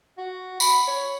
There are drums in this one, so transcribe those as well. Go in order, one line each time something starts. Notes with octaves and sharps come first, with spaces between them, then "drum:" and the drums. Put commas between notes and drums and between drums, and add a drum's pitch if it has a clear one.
F#4
B5, drum: tambourine
C#5